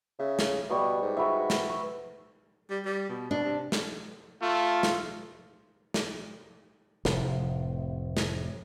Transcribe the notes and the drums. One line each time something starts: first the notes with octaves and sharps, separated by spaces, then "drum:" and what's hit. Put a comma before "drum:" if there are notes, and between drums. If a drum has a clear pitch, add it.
C#3 E5
drum: snare
B2 G3 C#6 D#6
G#2
F#4 B4 E5
drum: snare
C#6
G3
G3
B2
B2 D4
C3
drum: snare
A3 F4
drum: snare
drum: snare
F1 A2 C3, drum: snare
drum: snare